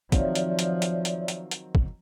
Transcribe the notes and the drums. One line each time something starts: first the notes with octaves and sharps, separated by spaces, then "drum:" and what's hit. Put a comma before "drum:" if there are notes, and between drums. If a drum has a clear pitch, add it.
D#3 F3 F#3 C4 C#5 D5 E5, drum: kick, hi-hat
drum: hi-hat
drum: hi-hat
drum: hi-hat
drum: hi-hat
drum: hi-hat
drum: hi-hat
drum: kick